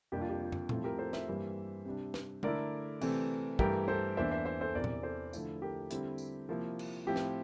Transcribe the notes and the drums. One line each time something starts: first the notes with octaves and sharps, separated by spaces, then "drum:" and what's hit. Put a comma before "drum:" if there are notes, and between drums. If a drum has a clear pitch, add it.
F2 C3 G3 A#3 D4 G4
F4
G4
F4
drum: tom
A2 F3 C4 E4 F4 A4, drum: tom A#2
G4 A#4
A4 C5
C5 E5, drum: snare
G2 E3 G3 A#3
C3 G3 D4
drum: snare
D3 A3 E4 A#4 D5, drum: tom
C3 E3 A3 C4, drum: cymbal
G2 E3 A3 G4 A#4, drum: kick
A4 C5
E2 E3 A#3 D4 C5 E5
C5 E5
C5 E5
A4 C5
E2 C3 E3 A#4 D5
drum: tom A#2
A4 C5
D3 F3 A3 E4, drum: tambourine
G4 A#4
D3 G3 C4 E4, drum: hi-hat
drum: tambourine
C3 F3 A#3 E4
drum: cymbal
A2 F3 C4 E4 G4
drum: snare